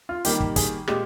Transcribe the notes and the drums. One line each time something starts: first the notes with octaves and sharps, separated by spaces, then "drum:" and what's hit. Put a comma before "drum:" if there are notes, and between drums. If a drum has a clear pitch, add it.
F4
D#3 G3 A#3 G4, drum: hi-hat
drum: kick
G#4, drum: kick, hi-hat
A#2 G#3 G4, drum: rim click